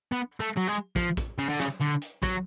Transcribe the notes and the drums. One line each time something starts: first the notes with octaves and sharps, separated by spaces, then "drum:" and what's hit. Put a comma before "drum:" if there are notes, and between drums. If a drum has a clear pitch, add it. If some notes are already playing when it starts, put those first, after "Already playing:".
B3
A3
F#3
G#3
F3, drum: kick
drum: kick, hi-hat
C#3
D3
C#3, drum: snare
D3
drum: hi-hat
F#3, drum: kick